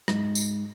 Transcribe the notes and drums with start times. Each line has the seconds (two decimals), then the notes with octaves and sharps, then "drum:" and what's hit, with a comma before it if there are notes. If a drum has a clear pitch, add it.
0.08 G#2, drum: rim click
0.35 drum: tambourine